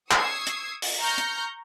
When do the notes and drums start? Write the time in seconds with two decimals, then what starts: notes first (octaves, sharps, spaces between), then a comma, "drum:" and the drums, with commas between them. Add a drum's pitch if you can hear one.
0.11 C#6 D#6 E6 G#6 C7, drum: clap
0.47 drum: hi-hat
0.82 drum: open hi-hat
1.00 A#5 C#6 F6 G6 A#6
1.18 drum: hi-hat